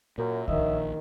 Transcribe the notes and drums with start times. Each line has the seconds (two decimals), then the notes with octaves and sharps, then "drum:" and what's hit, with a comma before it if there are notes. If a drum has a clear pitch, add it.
0.18 F#2 A#2
0.48 A#1 F#2 D#3 D#5 E5, drum: kick C2